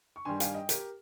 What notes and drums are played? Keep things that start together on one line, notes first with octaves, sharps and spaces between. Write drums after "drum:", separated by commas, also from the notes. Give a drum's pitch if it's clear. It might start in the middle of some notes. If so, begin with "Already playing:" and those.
C#6
G2 D#3 G3 G#5 C6
F5 G#5, drum: hi-hat
D#5 G5
G4 A#4, drum: hi-hat